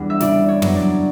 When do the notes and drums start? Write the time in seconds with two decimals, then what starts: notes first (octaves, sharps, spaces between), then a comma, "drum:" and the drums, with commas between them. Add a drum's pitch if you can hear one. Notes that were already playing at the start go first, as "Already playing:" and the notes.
Already playing: E2 G3 D4
0.10 E5
0.20 C#3 D5, drum: snare
0.49 C#5
0.62 F#3 B3 D4, drum: tom
0.76 D5